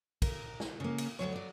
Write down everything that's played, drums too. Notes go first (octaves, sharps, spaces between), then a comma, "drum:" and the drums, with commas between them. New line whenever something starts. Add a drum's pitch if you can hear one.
A#4, drum: kick, cymbal
drum: snare
C#3 A#3
drum: cymbal
D2 E3 F#3 C#5
F#3 D5